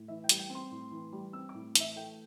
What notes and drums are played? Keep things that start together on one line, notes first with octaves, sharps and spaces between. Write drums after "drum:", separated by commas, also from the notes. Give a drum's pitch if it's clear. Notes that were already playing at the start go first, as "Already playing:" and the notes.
Already playing: A2
E3 E5
G5
G3, drum: hi-hat
G5
C4
C6
A2
E3
G3
C4 E6
D6
A2
E3 E5, drum: hi-hat
A3 G5